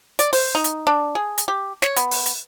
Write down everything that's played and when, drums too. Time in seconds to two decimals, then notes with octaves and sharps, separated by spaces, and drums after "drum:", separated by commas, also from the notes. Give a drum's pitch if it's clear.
0.19 D5, drum: hi-hat
0.33 C5, drum: open hi-hat
0.55 D#4
0.64 drum: hi-hat
0.87 D4
1.15 G#4
1.38 drum: hi-hat
1.48 G4
1.82 C#5, drum: snare
1.97 B3, drum: hi-hat
2.11 drum: open hi-hat
2.26 drum: hi-hat